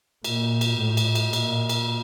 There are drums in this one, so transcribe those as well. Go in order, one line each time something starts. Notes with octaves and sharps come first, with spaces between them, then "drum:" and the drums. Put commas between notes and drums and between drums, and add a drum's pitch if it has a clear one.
A#2, drum: cymbal
drum: cymbal
A2
drum: cymbal
drum: cymbal
A#2, drum: cymbal
drum: cymbal